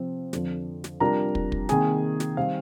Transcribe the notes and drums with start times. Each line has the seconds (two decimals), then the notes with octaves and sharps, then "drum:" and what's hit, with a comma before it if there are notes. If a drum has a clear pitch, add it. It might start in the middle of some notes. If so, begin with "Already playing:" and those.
Already playing: C3 F3 C4 F4
0.33 F2 D3 F3, drum: snare
0.84 drum: snare
1.00 C3 G3 D4 F4 A#4 A#5
1.35 drum: kick
1.52 drum: kick
1.69 C3 D#3 A#3 G#4 G#5, drum: snare
2.20 drum: snare
2.37 D#3 G3 C4 F5